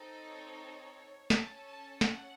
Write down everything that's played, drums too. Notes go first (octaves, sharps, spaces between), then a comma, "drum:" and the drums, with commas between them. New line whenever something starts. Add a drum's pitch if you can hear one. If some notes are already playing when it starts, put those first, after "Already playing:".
Already playing: C4 D#4 A4
C#5
C#4 A4 A5, drum: snare
A5
F#5, drum: snare